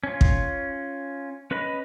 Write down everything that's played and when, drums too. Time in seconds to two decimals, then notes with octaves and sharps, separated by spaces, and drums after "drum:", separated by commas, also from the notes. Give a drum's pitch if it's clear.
0.04 C#4 F4
0.21 drum: kick
1.51 C#4 B4 D#5 B5